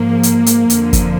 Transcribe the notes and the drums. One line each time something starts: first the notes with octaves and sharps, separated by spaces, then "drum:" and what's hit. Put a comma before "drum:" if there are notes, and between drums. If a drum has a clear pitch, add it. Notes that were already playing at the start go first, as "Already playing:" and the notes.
Already playing: G#2 F3 A#3
drum: hi-hat
drum: hi-hat
F2 D3 F3, drum: hi-hat
drum: kick, hi-hat